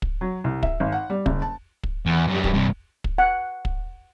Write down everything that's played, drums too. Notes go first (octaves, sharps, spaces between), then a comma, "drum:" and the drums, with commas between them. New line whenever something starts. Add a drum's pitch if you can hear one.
drum: kick
F#3
C2
E5, drum: kick
G#1
F#5
G3
F#1, drum: kick
A5
drum: kick
E2
F#2 G3
drum: kick
G2 C3
drum: kick
F#5
drum: kick